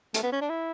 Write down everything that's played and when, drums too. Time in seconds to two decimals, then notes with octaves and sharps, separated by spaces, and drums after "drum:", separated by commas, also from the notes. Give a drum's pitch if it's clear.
0.14 A3, drum: hi-hat
0.23 B3
0.32 C#4
0.41 D4
0.50 E4